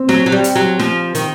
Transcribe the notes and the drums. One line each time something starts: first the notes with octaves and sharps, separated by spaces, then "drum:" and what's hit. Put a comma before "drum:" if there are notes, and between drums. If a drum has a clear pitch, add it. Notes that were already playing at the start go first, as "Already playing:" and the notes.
Already playing: C4
F#3, drum: snare
F#3
G3
drum: hi-hat
F#3
F3, drum: snare
D#3, drum: hi-hat